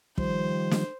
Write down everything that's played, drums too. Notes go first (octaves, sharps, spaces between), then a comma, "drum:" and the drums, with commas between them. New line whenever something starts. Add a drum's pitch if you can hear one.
D#3 F3 G3 C5, drum: kick
drum: snare